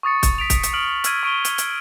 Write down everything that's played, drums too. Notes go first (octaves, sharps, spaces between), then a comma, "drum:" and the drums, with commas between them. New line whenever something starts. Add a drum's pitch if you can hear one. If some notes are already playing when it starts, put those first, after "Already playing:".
C#6 D#6 A6 C#7
drum: kick, hi-hat
B6 D7 F7
drum: kick, hi-hat
drum: hi-hat
D#6 F6 D7 F#7
E6 F6 G#6 D#7, drum: hi-hat
C#6 D7 D#7 G7
drum: hi-hat
drum: hi-hat